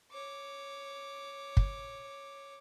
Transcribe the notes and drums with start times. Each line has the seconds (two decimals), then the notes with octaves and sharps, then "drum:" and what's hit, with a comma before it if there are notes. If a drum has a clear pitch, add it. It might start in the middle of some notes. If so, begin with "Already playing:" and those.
0.11 C#5 D6
1.57 drum: kick